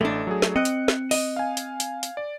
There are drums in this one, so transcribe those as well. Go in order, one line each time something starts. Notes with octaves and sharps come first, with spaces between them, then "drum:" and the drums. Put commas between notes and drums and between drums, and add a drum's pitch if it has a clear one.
A1 A3 D4
F#3 G#4
drum: snare
C4 D#5 F#6 C#7
drum: hi-hat
drum: snare
D#5, drum: open hi-hat
F5 G#5
drum: hi-hat
drum: hi-hat
drum: hi-hat
D5